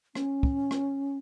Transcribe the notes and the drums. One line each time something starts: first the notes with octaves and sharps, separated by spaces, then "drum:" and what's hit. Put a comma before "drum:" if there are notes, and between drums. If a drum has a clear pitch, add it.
C#4, drum: rim click
drum: kick
drum: rim click